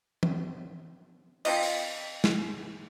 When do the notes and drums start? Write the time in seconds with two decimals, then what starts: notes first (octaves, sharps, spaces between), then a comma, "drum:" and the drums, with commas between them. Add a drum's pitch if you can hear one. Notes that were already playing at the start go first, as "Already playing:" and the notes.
0.23 drum: tom
1.45 F3 C4 F4 D#5, drum: cymbal
1.63 drum: open hi-hat
2.24 drum: snare